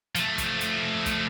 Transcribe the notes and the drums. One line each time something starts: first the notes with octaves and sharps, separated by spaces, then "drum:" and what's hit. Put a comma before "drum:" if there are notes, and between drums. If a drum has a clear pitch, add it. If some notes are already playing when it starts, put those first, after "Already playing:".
F3 A3, drum: hi-hat
drum: kick, hi-hat
drum: hi-hat
drum: kick, hi-hat